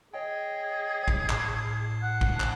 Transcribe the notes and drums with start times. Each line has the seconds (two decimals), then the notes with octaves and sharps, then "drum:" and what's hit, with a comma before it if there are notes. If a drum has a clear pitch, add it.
0.14 G#4 C#5 D#5 G5
1.08 drum: kick
1.30 A2 A5 C7, drum: clap
2.02 F#5
2.21 drum: kick
2.40 drum: clap